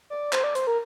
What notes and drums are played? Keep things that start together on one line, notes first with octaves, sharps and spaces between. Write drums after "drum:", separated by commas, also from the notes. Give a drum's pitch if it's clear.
D5
C5, drum: clap
D5
C5, drum: hi-hat
A#4